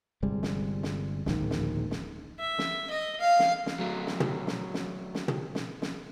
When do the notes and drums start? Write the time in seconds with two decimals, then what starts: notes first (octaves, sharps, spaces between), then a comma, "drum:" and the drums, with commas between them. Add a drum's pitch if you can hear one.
0.22 G1 C3 G3 G#3
0.43 drum: snare
0.83 drum: snare
1.26 D1 A#1 G#2 D#3, drum: snare
1.51 drum: snare
1.91 drum: snare
2.40 E5
2.58 drum: snare
2.90 D#5
3.21 F5
3.39 drum: snare
3.66 drum: snare
3.80 F#3 A3
4.07 drum: snare
4.20 drum: tom
4.47 drum: snare
4.74 drum: snare
5.15 drum: snare
5.28 drum: tom
5.55 drum: snare
5.82 drum: snare